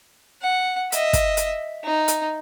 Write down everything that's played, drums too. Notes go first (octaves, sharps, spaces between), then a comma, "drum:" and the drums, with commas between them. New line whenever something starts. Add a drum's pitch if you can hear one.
F#5
D#5 E5, drum: hi-hat
drum: kick, hi-hat
drum: hi-hat
D#4
drum: hi-hat